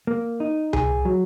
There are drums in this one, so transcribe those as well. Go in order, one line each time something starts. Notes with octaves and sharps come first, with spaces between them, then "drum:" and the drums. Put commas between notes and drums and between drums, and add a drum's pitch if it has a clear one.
A#3
D#4
G#4, drum: tom C2
F#3